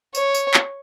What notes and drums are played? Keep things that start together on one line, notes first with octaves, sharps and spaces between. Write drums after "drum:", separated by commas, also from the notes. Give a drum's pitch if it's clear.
C#5, drum: tambourine
drum: tambourine
drum: clap